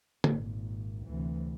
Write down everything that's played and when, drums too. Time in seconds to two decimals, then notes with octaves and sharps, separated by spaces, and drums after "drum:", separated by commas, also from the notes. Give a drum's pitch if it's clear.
0.24 G#1 A#2, drum: tom
1.06 D2 C3 E3